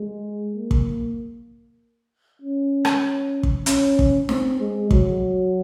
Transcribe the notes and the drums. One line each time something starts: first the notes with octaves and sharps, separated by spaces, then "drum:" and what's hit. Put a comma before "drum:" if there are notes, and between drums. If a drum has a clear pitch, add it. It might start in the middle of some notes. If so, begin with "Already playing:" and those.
Already playing: G#3
A#3
drum: kick
C#4
drum: rim click
drum: kick
C#4, drum: hi-hat
drum: kick
C4, drum: snare
G#3
F#3, drum: kick